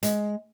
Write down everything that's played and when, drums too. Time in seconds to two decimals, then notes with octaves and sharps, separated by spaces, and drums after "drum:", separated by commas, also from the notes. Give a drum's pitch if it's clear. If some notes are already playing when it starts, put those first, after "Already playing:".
0.03 G#3, drum: hi-hat